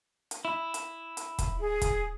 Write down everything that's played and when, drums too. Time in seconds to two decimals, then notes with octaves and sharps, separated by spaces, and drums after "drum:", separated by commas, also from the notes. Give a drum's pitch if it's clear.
0.31 drum: hi-hat
0.45 E4
0.74 drum: hi-hat
1.17 drum: hi-hat
1.39 drum: kick E1, hi-hat
1.60 G#4
1.82 drum: kick E1, hi-hat